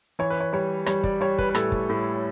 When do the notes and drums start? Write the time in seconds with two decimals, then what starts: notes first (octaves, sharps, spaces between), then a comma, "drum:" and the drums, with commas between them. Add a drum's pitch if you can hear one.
0.19 E3 C#5
0.30 B4
0.40 C#5
0.53 G3 C#5
0.86 G3 C#5, drum: rim click
1.04 D5, drum: kick
1.21 G3 C#5
1.39 B4, drum: kick
1.50 B4
1.55 A2 A4, drum: rim click
1.72 drum: kick
1.89 A2